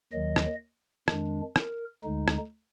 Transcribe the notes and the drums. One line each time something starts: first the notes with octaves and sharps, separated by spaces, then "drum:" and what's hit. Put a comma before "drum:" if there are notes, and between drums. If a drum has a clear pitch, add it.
D#2 D#3 F#3 D#5
drum: rim click
F2 D#3 G#3 D4, drum: rim click
A#4, drum: rim click
D2 D3 G#3 D#4
drum: rim click